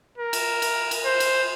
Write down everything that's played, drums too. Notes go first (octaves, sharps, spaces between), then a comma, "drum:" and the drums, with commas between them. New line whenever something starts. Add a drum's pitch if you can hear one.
A#4
drum: cymbal
drum: cymbal
drum: cymbal
C5
drum: cymbal